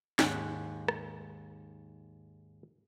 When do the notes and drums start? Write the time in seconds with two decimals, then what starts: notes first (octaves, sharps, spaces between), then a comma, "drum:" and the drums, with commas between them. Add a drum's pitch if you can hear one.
0.19 D#2 G#2 F#5 A5, drum: snare
0.88 drum: rim click